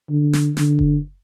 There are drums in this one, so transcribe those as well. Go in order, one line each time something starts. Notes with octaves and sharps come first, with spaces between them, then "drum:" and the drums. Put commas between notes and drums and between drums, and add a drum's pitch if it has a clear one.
D3
drum: snare
D3, drum: snare
drum: kick F#1